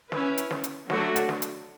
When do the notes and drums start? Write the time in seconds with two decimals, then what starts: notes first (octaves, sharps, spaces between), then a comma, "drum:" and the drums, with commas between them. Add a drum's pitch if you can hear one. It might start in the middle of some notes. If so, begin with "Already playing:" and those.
0.12 C#4 E4 B4, drum: snare
0.38 drum: hi-hat
0.51 drum: snare
0.64 drum: hi-hat
0.90 D3 F#3 A3 D4 F#4, drum: snare
1.16 drum: hi-hat
1.29 drum: snare
1.42 drum: hi-hat